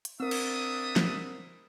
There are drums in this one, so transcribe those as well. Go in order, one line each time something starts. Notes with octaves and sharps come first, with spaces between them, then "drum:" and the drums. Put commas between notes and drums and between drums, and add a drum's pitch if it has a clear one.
drum: hi-hat
C4 D4 A#4 E5 D#6
drum: cymbal
drum: snare